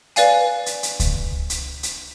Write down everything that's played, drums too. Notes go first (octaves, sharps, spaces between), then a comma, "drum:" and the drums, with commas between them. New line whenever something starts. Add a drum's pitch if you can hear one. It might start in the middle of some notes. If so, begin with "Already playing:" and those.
B4 D5 F5 G#5, drum: hi-hat
drum: hi-hat
drum: hi-hat
drum: kick C#2, hi-hat
drum: hi-hat
drum: hi-hat